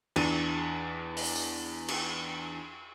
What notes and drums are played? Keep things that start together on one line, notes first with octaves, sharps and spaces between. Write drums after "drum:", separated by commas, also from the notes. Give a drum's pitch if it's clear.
E2 D4 D#7, drum: cymbal
drum: open hi-hat
drum: tambourine
drum: cymbal